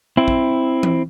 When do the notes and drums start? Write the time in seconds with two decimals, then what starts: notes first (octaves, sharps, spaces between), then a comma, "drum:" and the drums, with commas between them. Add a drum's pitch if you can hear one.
0.17 C4 E4
0.28 drum: kick
0.83 drum: tom E3